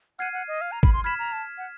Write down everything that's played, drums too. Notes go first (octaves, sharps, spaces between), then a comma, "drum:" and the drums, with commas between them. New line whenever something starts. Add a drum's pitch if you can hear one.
F#5 F6 G#6 C7 D#7
F#5
D#5
F5
A#5
B5, drum: kick G#1
C6
B5 F6 G#6 B6 E7
A#5
A5
F#5